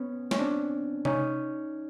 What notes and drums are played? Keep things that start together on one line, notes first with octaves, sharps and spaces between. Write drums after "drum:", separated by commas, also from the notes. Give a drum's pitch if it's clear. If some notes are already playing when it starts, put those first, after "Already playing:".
Already playing: B3 C#4
C#4, drum: snare
C4 D4
C#4 D#4, drum: tom C3